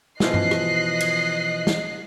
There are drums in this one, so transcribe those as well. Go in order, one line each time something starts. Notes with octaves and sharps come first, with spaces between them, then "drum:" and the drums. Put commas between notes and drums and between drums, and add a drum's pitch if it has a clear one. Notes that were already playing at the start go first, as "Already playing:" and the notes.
B2 E3 F3 D#5 F#6 C7, drum: snare
drum: tom G2
drum: rim click
drum: cymbal
drum: snare